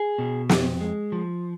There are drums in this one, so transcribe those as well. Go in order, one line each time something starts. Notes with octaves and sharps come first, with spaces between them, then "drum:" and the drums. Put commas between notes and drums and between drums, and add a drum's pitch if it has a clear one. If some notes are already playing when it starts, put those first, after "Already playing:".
Already playing: G#4
B2
F2, drum: snare
G#3
F3